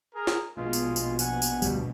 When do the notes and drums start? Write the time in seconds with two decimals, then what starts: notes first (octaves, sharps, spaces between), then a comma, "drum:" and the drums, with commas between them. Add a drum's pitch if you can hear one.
0.15 G#4 A#4
0.27 drum: snare
0.57 A#1 B2 G#3 F4
0.73 drum: tambourine
0.96 drum: tambourine
1.19 F#5 G#5, drum: tambourine
1.42 drum: tambourine
1.62 D2 G2 G3, drum: tambourine